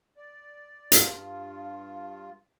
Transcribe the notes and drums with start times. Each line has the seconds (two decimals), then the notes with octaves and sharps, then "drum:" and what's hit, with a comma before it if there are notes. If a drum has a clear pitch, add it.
0.17 D5
0.92 G2 F4, drum: hi-hat